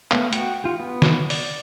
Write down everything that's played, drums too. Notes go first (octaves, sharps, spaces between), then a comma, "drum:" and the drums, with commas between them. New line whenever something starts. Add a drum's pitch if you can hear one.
A3 B3 F5, drum: clap
F#4 F#5 G5, drum: hi-hat
F4 G4
B3
drum: snare
D5, drum: open hi-hat